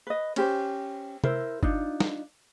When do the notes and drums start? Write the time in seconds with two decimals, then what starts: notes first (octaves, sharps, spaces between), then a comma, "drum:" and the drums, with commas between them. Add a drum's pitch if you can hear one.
0.07 B4 D#5
0.36 C#4 G4 C5, drum: cymbal
1.24 E4 A#4 C5 E5, drum: tom
1.63 D4 D#4 F4, drum: kick G1
2.00 drum: snare